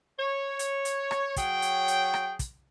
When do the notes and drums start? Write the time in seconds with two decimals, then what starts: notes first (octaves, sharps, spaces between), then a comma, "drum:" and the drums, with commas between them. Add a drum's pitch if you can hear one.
0.18 C#5
0.59 drum: hi-hat
0.85 drum: hi-hat
1.11 drum: rim click
1.36 F#3 G#4 C#5 G5, drum: kick, hi-hat
1.62 drum: hi-hat
1.88 drum: hi-hat
2.14 drum: rim click
2.39 drum: kick, hi-hat